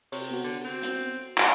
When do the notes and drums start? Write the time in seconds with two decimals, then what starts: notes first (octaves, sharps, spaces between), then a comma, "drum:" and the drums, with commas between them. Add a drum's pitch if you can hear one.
0.12 C3 C#5, drum: open hi-hat
0.31 B3 F#4
0.44 D3
0.65 C4
0.82 drum: hi-hat
1.38 F#4, drum: clap